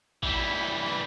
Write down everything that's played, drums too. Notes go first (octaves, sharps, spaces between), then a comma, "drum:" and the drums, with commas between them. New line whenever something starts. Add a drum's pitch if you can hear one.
E3 G3, drum: kick A1
drum: snare